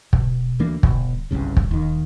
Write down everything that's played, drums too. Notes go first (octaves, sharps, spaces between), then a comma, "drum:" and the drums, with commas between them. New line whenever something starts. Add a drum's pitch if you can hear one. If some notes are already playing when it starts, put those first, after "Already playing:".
B2, drum: kick
D2 E3 A#3 D4
G1 B2, drum: kick
G1 C2 G2 C#3
drum: kick
D#2 D#3